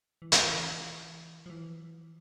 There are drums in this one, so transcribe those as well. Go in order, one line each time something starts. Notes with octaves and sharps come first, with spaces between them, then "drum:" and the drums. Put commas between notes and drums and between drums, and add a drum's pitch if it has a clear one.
E3
F3, drum: hi-hat
E3
F3
E3